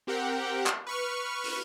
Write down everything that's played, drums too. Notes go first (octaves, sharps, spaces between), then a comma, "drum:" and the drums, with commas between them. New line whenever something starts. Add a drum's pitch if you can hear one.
C4 G4 A#4 F#5 G5
drum: clap
B4 C#6 F6
drum: open hi-hat